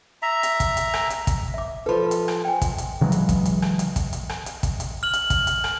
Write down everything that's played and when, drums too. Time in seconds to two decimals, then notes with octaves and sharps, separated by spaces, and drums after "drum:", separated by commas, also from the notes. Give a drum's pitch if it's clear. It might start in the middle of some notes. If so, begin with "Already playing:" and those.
0.22 E5 A#5
0.43 drum: hi-hat
0.60 drum: kick, hi-hat
0.77 drum: hi-hat
0.94 drum: rim click
1.10 drum: hi-hat
1.27 drum: kick, hi-hat
1.54 E5 D6
1.86 F3 A4 B4 B5
2.11 drum: hi-hat
2.28 drum: rim click
2.45 G5 G#5
2.61 drum: kick, hi-hat
2.78 drum: hi-hat
3.01 C#3 E3 F#3 G#3
3.12 drum: hi-hat
3.29 drum: kick, hi-hat
3.45 drum: hi-hat
3.62 drum: rim click
3.79 drum: hi-hat
3.96 drum: kick, hi-hat
4.13 drum: hi-hat
4.29 drum: rim click
4.46 drum: hi-hat
4.63 drum: kick, hi-hat
4.80 drum: hi-hat
5.03 F6 F#7
5.13 drum: hi-hat
5.30 drum: kick, hi-hat
5.47 drum: hi-hat
5.64 drum: rim click